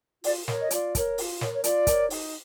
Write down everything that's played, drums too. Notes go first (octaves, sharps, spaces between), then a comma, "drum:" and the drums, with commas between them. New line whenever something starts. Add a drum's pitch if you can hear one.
F4 D5, drum: open hi-hat
A#4 C#5, drum: snare
D#5
F4 D5, drum: hi-hat
A#4 C#5, drum: kick, hi-hat
F4, drum: open hi-hat
A#4 C#5, drum: snare
C#5
F4 D5, drum: hi-hat
A#4 C#5, drum: kick, hi-hat
D#4, drum: open hi-hat